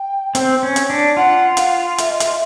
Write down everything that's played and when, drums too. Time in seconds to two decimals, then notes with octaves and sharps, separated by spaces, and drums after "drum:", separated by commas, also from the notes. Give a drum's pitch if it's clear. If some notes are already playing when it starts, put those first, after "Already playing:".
Already playing: G5
0.35 C4, drum: hi-hat
0.63 C#4
0.76 drum: hi-hat
0.90 D4
1.17 F4 F#5
1.57 F5, drum: hi-hat
1.98 E5, drum: hi-hat
2.09 D#5
2.20 E5, drum: hi-hat